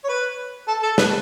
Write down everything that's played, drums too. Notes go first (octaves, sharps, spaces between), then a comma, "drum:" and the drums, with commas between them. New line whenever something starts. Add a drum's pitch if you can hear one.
C#5
B4
A4
A4
B4, drum: snare